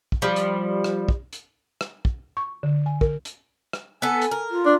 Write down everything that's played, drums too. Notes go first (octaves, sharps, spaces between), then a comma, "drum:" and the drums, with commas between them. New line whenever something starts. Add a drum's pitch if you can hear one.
drum: kick
F3 G3
drum: hi-hat
drum: rim click
drum: kick
drum: hi-hat
drum: rim click
drum: kick
C#6
D3
G#5
A#4, drum: kick
drum: hi-hat
drum: rim click
B3 A4 G#5
drum: hi-hat
A#4
F4
D4